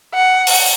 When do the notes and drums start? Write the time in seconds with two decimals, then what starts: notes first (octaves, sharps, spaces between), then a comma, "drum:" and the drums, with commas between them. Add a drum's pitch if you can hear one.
0.15 F#5
0.47 drum: open hi-hat